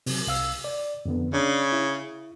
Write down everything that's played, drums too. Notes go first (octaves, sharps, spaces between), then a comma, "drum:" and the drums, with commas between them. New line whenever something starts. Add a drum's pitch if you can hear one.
C3 F#3, drum: open hi-hat
C2 F5 E6
D5
F2 D3 B3
C#3 D4 D5
E4